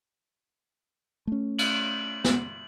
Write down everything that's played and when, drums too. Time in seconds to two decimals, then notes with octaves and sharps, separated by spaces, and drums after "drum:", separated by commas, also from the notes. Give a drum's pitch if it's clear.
1.27 A3 C#4
1.59 F#7, drum: cymbal
2.24 drum: snare